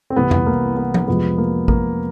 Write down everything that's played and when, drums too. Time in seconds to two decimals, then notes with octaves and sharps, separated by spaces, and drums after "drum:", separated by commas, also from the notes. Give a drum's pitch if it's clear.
0.10 C4
0.16 C2 C3 E3 G3 B3
0.31 drum: tom F2
0.46 A#3
0.77 B3
0.94 drum: tom F3
1.07 F2 C3 F3 G#3 B3
1.38 A#3
1.68 A#3, drum: kick A1